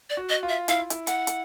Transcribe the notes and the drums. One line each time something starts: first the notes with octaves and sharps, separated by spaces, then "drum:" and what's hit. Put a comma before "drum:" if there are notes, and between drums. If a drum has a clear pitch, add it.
D5
F#4
D#5
F4
E5
E4 F5, drum: hi-hat
F4
E4, drum: hi-hat
F#5, drum: hi-hat
drum: hi-hat